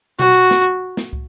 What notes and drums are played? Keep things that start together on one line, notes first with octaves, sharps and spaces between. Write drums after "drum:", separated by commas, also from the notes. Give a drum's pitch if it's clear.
F#4, drum: tom B2
drum: snare
drum: snare
drum: kick